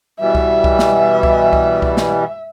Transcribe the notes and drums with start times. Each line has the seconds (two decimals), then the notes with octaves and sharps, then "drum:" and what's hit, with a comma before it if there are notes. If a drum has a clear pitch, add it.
0.20 B2 E3 G3 E5
0.35 drum: kick C2
0.64 drum: kick C2
0.79 drum: snare
1.23 drum: kick C2
1.53 drum: kick C2
1.82 drum: kick C2
1.97 drum: snare